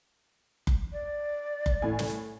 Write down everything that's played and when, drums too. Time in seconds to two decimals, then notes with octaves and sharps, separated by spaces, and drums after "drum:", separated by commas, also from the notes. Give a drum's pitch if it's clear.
0.67 drum: kick F#1
0.93 D5
1.66 drum: kick F#1
1.82 A2 G#5
1.99 drum: snare